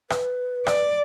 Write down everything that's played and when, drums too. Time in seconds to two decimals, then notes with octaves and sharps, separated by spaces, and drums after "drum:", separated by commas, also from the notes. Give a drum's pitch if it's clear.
0.10 B4, drum: rim click
0.66 D5, drum: rim click